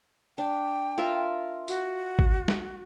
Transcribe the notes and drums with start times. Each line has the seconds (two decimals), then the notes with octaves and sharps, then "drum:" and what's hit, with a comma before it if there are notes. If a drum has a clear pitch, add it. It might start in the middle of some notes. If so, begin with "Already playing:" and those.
0.38 D4 G5
0.98 F4 A#4 E5
1.68 F#4, drum: tambourine
2.19 drum: kick
2.48 drum: snare